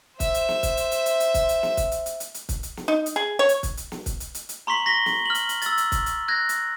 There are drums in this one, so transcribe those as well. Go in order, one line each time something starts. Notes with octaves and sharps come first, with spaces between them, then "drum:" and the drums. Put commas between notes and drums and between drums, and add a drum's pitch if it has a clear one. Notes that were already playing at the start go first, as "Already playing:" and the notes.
C5 E5, drum: kick, hi-hat
drum: hi-hat
drum: snare
drum: kick, hi-hat
drum: hi-hat
drum: hi-hat
drum: hi-hat
drum: hi-hat
drum: kick, hi-hat
drum: hi-hat
drum: snare
drum: kick, hi-hat
drum: hi-hat
drum: hi-hat
drum: hi-hat
drum: hi-hat
drum: kick, hi-hat
drum: hi-hat
drum: snare
D#4
drum: hi-hat
G#4
C#5
drum: hi-hat
drum: kick, hi-hat
drum: hi-hat
drum: snare
drum: kick, hi-hat
drum: hi-hat
drum: hi-hat
drum: hi-hat
A#5 C6 C#6 B6 F#7
A#6 B6 G7
drum: snare
F6 F#7
drum: hi-hat
drum: hi-hat
E6 A6, drum: hi-hat
drum: hi-hat
drum: kick, hi-hat
drum: hi-hat
F#6 G#6 A#6
drum: hi-hat